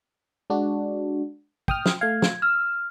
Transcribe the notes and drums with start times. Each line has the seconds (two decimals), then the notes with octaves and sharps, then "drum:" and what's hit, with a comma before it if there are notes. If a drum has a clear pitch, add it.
0.50 G#3 D4 F#4
1.68 G5 D#6 F6, drum: kick
1.86 drum: snare
2.01 A3 F5 G#6
2.22 drum: snare
2.42 E6 F6